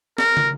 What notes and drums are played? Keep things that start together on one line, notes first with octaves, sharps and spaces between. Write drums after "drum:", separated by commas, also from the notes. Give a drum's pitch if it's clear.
A#4, drum: snare
drum: tom